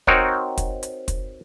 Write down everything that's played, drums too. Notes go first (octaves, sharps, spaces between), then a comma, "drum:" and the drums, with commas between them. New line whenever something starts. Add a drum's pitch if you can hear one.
C4 D#4 F#4 A#4 C#5, drum: kick
drum: kick, hi-hat
drum: hi-hat
drum: kick, hi-hat